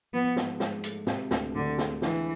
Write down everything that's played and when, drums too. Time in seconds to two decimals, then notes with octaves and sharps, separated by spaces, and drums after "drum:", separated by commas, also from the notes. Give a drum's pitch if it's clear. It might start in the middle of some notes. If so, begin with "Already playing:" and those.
0.13 F3 B3
0.36 G#2, drum: snare
0.60 G#2, drum: snare
0.84 A3, drum: hi-hat
1.07 C3, drum: snare
1.31 D2, drum: snare
1.54 D2 D3
1.78 G#3, drum: snare
2.02 D3 E3, drum: snare